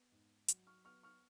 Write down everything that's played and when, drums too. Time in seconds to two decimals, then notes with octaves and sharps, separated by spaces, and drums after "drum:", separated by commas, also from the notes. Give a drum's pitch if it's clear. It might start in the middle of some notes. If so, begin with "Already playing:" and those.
Already playing: B3
0.12 G#2
0.48 F#3, drum: hi-hat
0.67 C#6 F6
0.85 B3 C#6 F6
1.03 C#6 F6